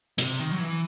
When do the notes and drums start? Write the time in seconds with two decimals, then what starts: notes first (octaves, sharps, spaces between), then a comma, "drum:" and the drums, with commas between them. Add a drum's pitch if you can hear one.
0.18 C3, drum: hi-hat
0.39 D#3
0.51 F#3
0.60 E3